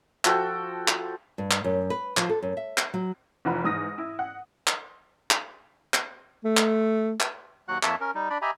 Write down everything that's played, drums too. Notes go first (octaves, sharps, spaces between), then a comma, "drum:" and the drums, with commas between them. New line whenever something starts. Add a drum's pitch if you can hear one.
F3 F#4 A4 G5, drum: clap
drum: clap
G2
drum: clap
F#2
B4
F3, drum: clap
A4
F#2
E5
drum: clap
F#3
F1 E3 F4 F#5 A#5 B5
G#2 E3 D#6 F6 A#6
E4
F#5
drum: clap
drum: clap
drum: clap
A3
drum: clap
drum: clap
D#2 F#3 F#4 F#5 F#6
F2 A#3 C#5 E5 A5, drum: clap
C#4 A#4
G3 D#4
D4 D5 B5
G4 D#5 E5 G#5 A#5 B5